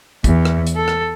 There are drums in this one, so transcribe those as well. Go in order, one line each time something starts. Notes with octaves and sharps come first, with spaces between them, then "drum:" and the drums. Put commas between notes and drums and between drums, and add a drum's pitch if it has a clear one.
E2, drum: kick, hi-hat
drum: rim click
drum: hi-hat
A4
drum: rim click